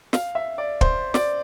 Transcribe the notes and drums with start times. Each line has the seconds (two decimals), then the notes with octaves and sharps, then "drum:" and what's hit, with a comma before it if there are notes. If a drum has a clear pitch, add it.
0.13 F5, drum: snare
0.35 E5
0.58 D5
0.81 C5, drum: kick
1.14 D5, drum: snare